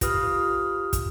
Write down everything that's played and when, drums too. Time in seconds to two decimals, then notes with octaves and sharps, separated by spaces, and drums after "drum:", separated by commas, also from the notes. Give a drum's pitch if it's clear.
0.01 F4 G4 B4 D#6 F6, drum: kick, hi-hat
0.93 drum: kick, hi-hat